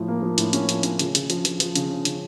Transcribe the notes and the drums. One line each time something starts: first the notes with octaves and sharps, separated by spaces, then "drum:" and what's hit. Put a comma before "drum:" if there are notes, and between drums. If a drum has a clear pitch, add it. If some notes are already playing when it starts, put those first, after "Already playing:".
Already playing: A2 F3
A#3
F3
A2, drum: hi-hat
C#4, drum: hi-hat
F3, drum: hi-hat
C#4, drum: hi-hat
C#3, drum: hi-hat
C#3, drum: hi-hat
F3, drum: hi-hat
F3, drum: hi-hat
F3, drum: hi-hat
C#3, drum: hi-hat
C#4
C#3, drum: hi-hat